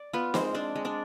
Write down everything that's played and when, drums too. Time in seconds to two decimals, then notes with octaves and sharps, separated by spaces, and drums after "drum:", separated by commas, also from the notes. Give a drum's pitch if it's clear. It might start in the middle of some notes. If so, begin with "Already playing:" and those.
Already playing: D5
0.13 B3 F4 B4
0.34 G#3 C4 C5, drum: snare
0.54 C4 D4 D5
0.76 G#3
0.85 D4 D5